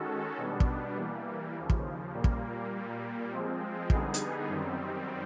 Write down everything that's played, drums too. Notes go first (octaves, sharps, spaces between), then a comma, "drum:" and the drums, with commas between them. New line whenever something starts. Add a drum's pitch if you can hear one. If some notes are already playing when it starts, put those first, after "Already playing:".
Already playing: D#3 G#3 C#4 F#4 A4
B2 G3 B3 D4
drum: kick
E3 G3 A#3
D#2 C#3 F3
drum: kick
A#2 G3 A#3
drum: kick
A#2 G3 A#3
F3 G#3 C4
D3 G3 B3 D#4 G#4, drum: kick
drum: hi-hat
F#2 D#3 G3 C4